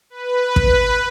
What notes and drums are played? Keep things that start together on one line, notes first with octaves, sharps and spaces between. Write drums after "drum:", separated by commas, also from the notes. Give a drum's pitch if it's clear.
B4
drum: kick